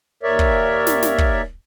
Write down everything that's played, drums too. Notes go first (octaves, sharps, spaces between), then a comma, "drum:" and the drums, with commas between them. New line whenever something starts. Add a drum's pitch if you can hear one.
D#2 A#4 C#5 D5 E5
drum: kick
drum: snare
drum: snare
drum: kick